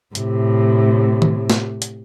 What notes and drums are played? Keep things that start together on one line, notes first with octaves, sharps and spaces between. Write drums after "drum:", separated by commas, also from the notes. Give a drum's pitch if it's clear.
A2 C3, drum: hi-hat
drum: tom D#3
drum: snare
drum: hi-hat